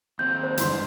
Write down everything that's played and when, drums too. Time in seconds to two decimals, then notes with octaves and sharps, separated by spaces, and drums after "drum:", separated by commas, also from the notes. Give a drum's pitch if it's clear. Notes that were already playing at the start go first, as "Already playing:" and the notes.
0.19 D#2 C4 G6
0.43 C5
0.57 G1 G#2 E3 C6, drum: hi-hat